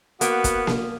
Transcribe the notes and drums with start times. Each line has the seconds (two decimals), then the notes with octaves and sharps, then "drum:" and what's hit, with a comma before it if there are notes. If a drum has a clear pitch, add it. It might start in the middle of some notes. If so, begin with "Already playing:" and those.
0.21 A#3 B3 F#4, drum: hi-hat
0.44 drum: kick, hi-hat
0.67 drum: snare A#3